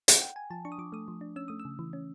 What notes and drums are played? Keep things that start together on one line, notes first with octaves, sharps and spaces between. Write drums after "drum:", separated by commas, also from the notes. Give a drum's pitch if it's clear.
F#5, drum: hi-hat
G5
G#5
F3 A5
D4 C#6
D#6
F3 D6
A3 D#6
F3
D4
C#4 E6
A3 D#6
E6
C#3
E3
C#4